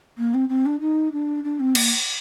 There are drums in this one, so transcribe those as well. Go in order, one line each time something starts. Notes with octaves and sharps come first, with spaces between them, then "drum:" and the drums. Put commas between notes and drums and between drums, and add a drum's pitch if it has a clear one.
A#3
C4
C4
D4
D#4
D4
D4
C4
A#3, drum: cymbal